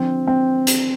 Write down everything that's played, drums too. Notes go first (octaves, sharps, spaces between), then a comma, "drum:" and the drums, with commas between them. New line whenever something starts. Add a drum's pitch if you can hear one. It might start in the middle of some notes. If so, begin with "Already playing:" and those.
Already playing: D3 F3 C4
C4
drum: hi-hat